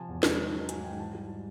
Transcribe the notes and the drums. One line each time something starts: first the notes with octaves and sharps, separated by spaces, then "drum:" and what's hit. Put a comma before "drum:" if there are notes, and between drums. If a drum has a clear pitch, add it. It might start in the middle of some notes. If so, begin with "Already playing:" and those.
Already playing: C3 F3 G#5 A5
E2
G#3, drum: snare
D#3
F#3
G#2 G#5, drum: hi-hat
G#2 G5
E3 A5
G3